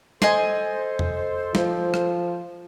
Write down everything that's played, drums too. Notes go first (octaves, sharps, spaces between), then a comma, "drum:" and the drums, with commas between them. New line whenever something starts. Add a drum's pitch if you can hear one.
A4 C5 D#5 G#5 C6, drum: snare
drum: tom E2
F3, drum: snare
drum: rim click